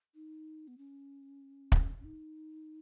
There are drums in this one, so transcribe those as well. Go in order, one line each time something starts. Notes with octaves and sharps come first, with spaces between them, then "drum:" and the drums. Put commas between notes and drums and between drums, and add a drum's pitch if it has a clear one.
D#4
B3
C#4
drum: kick
C#4
D#4